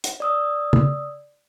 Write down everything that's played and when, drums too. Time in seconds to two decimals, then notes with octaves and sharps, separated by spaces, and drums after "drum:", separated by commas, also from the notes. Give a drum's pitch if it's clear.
0.04 drum: hi-hat
0.20 D5 D#6 E6
0.73 drum: tom